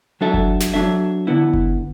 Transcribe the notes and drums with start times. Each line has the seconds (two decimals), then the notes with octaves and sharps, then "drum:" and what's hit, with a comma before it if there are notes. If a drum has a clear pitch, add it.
0.21 F#3 D4 A4 E5
0.34 drum: kick F#1
0.60 drum: snare
0.74 F#3 D4 A4 E5
1.27 D3 B3 E4
1.53 drum: kick F#1